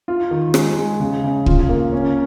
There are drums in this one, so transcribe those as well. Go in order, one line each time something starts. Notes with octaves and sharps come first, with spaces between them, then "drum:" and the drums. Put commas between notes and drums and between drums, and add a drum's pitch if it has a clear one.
F4
D#3
G#3, drum: rim click
G#3
C#3
C#3
F4, drum: kick
A#3
C#4